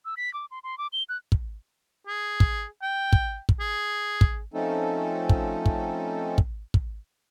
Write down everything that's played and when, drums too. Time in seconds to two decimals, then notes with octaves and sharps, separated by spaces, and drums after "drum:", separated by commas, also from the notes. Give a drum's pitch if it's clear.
0.05 E6
0.17 B6
0.34 D6
0.51 C6
0.64 C6
0.78 D6
0.93 G7
1.09 F#6
1.32 drum: kick
2.07 G#4
2.40 drum: kick
2.83 G5
3.13 drum: kick
3.49 drum: kick
3.60 G#4
4.21 drum: kick
4.54 F3 A3 C4 C#4 D#4 A4
5.29 drum: kick
5.66 drum: kick
6.38 drum: kick
6.74 drum: kick